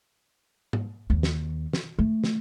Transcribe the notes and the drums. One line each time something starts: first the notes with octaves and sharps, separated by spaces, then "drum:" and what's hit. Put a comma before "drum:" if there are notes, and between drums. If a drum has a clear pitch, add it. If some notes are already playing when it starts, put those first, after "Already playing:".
drum: tom G#2
D#2
drum: snare
drum: snare
A3
drum: snare